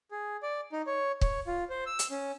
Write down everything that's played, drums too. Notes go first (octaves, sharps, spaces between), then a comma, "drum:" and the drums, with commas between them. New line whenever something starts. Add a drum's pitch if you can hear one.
G#4
D5
D#4
C#5
C#5, drum: kick
F4
C5
E6
drum: hi-hat
C#4